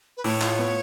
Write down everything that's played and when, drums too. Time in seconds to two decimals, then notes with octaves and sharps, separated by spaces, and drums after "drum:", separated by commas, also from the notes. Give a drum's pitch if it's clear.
0.17 B4
0.24 A2 C#5, drum: open hi-hat
0.41 F4, drum: clap
0.59 B3